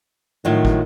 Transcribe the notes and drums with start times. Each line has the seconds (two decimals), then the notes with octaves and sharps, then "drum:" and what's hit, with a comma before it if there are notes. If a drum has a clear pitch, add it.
0.45 A2 D#3 F3 F#3
0.65 drum: kick